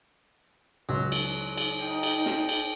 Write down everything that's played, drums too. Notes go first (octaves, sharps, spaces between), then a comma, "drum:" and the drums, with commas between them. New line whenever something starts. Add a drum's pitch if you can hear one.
C#2 F#3
drum: cymbal
drum: cymbal
D#4 G5
drum: cymbal
drum: snare
drum: cymbal